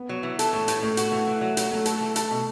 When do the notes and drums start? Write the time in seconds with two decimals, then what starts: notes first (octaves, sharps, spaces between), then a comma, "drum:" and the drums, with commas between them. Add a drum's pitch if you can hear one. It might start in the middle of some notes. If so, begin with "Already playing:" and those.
Already playing: B3
0.09 F#3
0.23 E3
0.39 A4, drum: hi-hat
0.53 A2 A3
0.68 A2, drum: hi-hat
0.82 A2 A3
0.97 F#4, drum: hi-hat
1.12 E3
1.27 E3
1.41 F#3
1.57 F#3, drum: hi-hat
1.71 F#3 A3
1.86 A4, drum: hi-hat
2.01 E3
2.16 A4, drum: hi-hat
2.31 B2